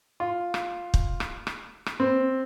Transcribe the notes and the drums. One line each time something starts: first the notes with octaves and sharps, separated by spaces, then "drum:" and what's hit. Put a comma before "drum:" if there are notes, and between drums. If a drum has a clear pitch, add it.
F4
drum: rim click
drum: kick
drum: rim click
drum: rim click
drum: rim click
C4